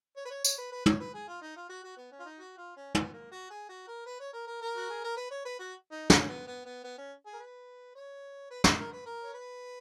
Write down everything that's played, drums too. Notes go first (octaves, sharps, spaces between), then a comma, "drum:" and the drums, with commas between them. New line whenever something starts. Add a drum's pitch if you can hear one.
C#5
B4
C#5
C#5, drum: tambourine
B4
B4
C#5, drum: tom
B4
G#4
F4
D#4
F4
F#4
F#4
B3
C#4
F4
D#4
F#4
F4
C#4
B3, drum: tom
A#3
F#4
G#4
F#4
A#4
B4
C#5
A#4
A#4
A#4
F#4
G#4
A#4
B4
C#5
B4
F#4
D#4
C#4, drum: snare
B3
B3
B3
B3
C#4
G#4
A#4
B4
C#5
B4
A#4, drum: snare
A#4
B4
A#4
C#5
B4